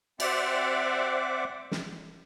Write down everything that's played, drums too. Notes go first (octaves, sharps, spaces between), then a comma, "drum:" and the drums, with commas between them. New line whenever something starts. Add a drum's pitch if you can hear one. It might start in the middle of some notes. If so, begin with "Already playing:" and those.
C4 C5 D5 E5 F#5 D6, drum: cymbal
drum: snare